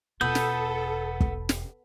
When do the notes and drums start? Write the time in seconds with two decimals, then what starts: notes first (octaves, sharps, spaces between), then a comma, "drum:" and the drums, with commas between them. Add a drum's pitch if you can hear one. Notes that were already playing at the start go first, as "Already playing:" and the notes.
0.21 E1 B3 F4 A4 B5 D#6 G6
0.35 drum: snare
1.21 drum: kick
1.49 drum: snare